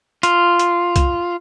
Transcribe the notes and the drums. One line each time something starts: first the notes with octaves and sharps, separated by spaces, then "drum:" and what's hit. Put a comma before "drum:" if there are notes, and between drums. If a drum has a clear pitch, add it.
F4, drum: hi-hat
drum: hi-hat
drum: kick C2, hi-hat